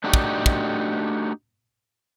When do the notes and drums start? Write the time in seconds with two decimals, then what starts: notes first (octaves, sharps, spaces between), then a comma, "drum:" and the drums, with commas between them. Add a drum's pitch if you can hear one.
0.04 A3 D4 D#4 F#4 G4
0.14 drum: kick
0.46 drum: kick